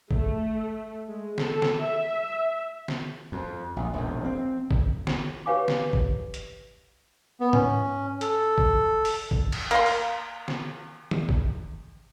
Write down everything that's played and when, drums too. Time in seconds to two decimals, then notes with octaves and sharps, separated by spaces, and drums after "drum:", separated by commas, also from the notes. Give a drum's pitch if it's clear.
0.11 A3, drum: kick
1.07 G#3
1.38 A4, drum: snare
1.62 drum: snare
1.79 E5
2.88 drum: snare
3.32 F2
3.76 A#1
3.93 E1 A#1 E2
4.25 C4
4.71 drum: kick
5.07 drum: snare
5.46 G4 B4 C#5 F5 G#5 D6
5.68 drum: snare
5.93 drum: kick
6.34 drum: hi-hat
7.40 B3
7.53 C#4, drum: tom G#2
8.21 A4, drum: hi-hat
8.58 drum: kick
9.05 drum: open hi-hat
9.31 drum: kick
9.52 drum: cymbal
9.71 A#3 C6, drum: hi-hat
9.86 drum: open hi-hat
10.48 drum: snare
11.11 drum: tom D#3
11.29 drum: kick